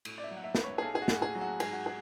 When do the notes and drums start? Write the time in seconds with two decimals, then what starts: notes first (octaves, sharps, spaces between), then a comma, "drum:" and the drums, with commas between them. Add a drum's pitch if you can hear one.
0.05 A2, drum: cymbal
0.18 D5
0.23 E5
0.31 F#3
0.36 F#5
0.44 E5
0.55 B1 B4, drum: snare
0.64 C#5
0.78 G#4
0.82 B1 A4
0.95 G#4
1.02 F#4
1.08 A2, drum: snare
1.22 G#4
1.35 F#3
1.41 F#4
1.60 G#2 G#4, drum: cymbal
1.73 F#4
1.86 G#4